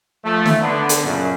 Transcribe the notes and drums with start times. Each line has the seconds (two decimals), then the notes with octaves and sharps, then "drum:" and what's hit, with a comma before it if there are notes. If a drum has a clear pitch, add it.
0.24 F3 A3
0.46 drum: snare
0.60 D3 B3 D4
0.89 drum: hi-hat
1.04 F#2 A#2 C#3